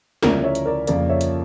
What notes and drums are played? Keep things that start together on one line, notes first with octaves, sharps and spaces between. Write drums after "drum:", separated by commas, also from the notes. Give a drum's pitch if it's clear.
D2 C#3 F3 C#4 E4 A#4 D5, drum: snare
C#5 E5
drum: hi-hat
A#4 D5
F2 C#3 F3 A#3 A#4 D5, drum: hi-hat
C#5 E5
drum: hi-hat